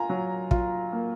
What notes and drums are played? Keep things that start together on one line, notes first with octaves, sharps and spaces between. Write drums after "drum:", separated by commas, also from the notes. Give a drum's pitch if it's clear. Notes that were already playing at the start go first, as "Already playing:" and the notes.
Already playing: F4 G#5 A#5
F#3
F4, drum: kick
A#3